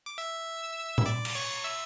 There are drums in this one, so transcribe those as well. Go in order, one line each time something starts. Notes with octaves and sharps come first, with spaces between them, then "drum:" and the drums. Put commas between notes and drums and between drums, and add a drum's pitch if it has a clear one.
D6
E5 E6
E6, drum: tom A#2
D5 D6
drum: cymbal
C#5 C#6
E5 E6